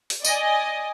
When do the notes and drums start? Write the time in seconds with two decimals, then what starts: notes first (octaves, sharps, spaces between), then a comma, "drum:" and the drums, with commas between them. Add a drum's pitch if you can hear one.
0.10 drum: open hi-hat
0.25 D5 D#5 G#5, drum: tambourine